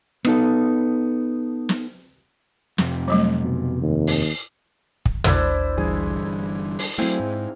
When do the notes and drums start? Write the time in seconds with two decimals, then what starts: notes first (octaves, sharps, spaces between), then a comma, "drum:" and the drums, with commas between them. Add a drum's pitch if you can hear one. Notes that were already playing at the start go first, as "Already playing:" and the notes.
0.25 B3 D#4 A4, drum: rim click
1.69 drum: snare
2.78 F2 C3, drum: snare
3.08 F#3 G3 A3
3.42 B2
3.82 D#2
4.07 drum: open hi-hat
5.06 drum: kick
5.24 D4 E4 C5, drum: tom
5.77 G1 G2 E3 G#4
6.79 drum: open hi-hat
6.98 F#3 A3 C4 E4 F5 G#5
7.20 G#2